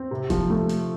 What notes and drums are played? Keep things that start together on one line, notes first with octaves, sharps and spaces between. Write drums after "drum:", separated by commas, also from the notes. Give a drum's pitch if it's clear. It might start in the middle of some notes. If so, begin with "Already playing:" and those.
Already playing: C4
C3
F3, drum: kick, hi-hat
A3
drum: hi-hat